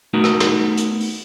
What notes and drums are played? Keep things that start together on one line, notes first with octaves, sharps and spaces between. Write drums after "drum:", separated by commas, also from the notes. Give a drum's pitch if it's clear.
A3 B3 D#4 F#4 A#4
drum: rim click
drum: snare
drum: hi-hat
drum: open hi-hat